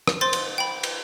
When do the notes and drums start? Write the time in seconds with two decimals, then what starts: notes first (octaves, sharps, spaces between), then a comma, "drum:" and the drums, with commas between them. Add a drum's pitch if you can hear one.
0.08 drum: rim click
0.21 C5 C6 A6
0.33 drum: cymbal
0.58 G5 B5
0.83 drum: cymbal